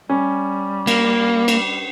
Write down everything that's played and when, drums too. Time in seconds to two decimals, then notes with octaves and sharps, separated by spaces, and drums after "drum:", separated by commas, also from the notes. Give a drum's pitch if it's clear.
0.10 G3 C#4
0.87 A#3, drum: cymbal
1.48 drum: cymbal